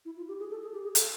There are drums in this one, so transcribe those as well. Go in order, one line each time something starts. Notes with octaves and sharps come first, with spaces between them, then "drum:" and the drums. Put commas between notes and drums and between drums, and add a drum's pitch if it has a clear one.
E4
F4
G4
G#4
A4
G#4
G4
G#4
A4, drum: hi-hat